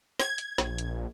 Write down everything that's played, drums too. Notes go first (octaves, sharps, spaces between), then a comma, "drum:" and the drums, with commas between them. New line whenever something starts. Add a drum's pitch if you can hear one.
G#6, drum: snare
drum: hi-hat
A#1, drum: snare
drum: hi-hat